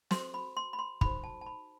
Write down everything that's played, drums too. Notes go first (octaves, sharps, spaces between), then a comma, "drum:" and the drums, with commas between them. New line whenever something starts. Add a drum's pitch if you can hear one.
F#4 A4 C5 C6, drum: snare
B5
C6
B5
C6
D#4 F#4 A4 C5 B5, drum: kick
A5
A5
B5